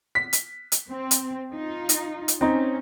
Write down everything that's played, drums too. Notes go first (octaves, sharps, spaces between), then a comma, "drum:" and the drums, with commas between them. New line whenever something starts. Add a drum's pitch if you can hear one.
B6
drum: hi-hat
drum: hi-hat
C4
drum: hi-hat
D#4 F4
drum: hi-hat
drum: hi-hat
C4 C#4 D#4